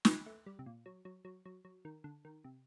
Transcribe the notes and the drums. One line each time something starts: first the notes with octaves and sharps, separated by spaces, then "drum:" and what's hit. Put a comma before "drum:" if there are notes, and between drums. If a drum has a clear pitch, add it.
drum: snare
A3
G3
C3
A#2
F#3
F#3
F#3
F#3
F#3
D#3
D3
D#3
C3